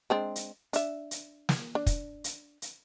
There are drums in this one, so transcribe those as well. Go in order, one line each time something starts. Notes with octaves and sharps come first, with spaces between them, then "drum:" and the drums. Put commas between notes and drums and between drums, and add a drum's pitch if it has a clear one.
G#3 C4 D4
drum: hi-hat
D4 E5, drum: hi-hat
drum: hi-hat
drum: snare
D4
drum: kick, hi-hat
drum: hi-hat
drum: hi-hat